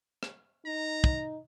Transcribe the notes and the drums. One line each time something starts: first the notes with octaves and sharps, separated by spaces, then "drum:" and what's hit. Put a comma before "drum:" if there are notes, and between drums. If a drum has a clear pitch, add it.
drum: rim click
D#4 A#5
drum: kick